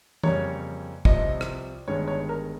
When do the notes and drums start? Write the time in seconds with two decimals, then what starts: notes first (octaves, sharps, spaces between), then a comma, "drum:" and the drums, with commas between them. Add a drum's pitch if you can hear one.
0.23 F2 C#3 G3 A#3 C#5, drum: tom
1.05 C2 C3 F3 D#5, drum: kick
1.41 drum: rim click
1.87 G1 G2 D#3 G#3 C#5
2.08 C#5
2.29 A#4